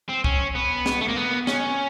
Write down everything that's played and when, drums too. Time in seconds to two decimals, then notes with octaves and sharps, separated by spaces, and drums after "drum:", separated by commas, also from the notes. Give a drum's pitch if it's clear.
0.09 C4
0.24 C#4, drum: kick C2
0.55 B3
0.86 drum: snare
1.01 A3
1.08 A#3
1.16 B3
1.47 C#4, drum: snare